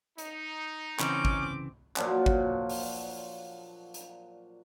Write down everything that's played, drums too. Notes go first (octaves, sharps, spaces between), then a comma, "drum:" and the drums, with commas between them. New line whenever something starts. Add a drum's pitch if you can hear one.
D#4, drum: hi-hat
C#3 E3 C4 C#4 D6, drum: clap
drum: kick G#1
A#2 F3 F#3 D4, drum: clap
drum: kick G#1
drum: open hi-hat
drum: hi-hat